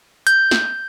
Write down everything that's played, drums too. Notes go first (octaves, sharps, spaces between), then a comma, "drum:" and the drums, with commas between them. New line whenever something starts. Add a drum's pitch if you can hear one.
G6, drum: hi-hat
drum: snare